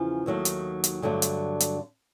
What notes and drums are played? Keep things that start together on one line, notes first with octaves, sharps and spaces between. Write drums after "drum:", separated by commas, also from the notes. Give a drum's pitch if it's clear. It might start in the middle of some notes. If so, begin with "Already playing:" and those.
Already playing: E2 C#3 F3
D#2 D#3 F#3 A3
drum: hi-hat
drum: hi-hat
G2 D3 F#3 A3
drum: hi-hat
drum: hi-hat